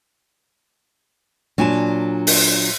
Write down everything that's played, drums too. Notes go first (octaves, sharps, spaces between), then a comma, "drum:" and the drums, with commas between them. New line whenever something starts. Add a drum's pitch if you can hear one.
A#2 F#3 D4 G#5 A5
drum: open hi-hat